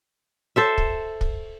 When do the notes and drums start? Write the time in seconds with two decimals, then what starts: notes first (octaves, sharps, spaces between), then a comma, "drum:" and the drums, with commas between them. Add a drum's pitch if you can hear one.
0.56 A4 C5 E5
0.78 drum: kick
1.21 drum: kick